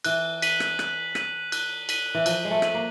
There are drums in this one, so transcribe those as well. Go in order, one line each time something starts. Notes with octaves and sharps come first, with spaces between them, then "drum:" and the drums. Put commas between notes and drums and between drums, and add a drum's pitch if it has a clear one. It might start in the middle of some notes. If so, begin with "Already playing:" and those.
E3 F#6, drum: cymbal
B6 D#7 F#7, drum: cymbal
drum: rim click
F#6, drum: rim click
B6 D#7 F#7, drum: rim click
F#6, drum: cymbal
B6 D#7 F#7, drum: cymbal
E3
F3 F#6, drum: cymbal
G#3
A3
B6 D#7 F#7, drum: rim click
A#3